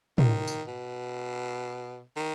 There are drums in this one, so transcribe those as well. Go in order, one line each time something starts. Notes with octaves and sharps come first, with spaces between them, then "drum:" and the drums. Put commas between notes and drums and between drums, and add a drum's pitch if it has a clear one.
D#3, drum: tom
drum: tambourine
B2
D#3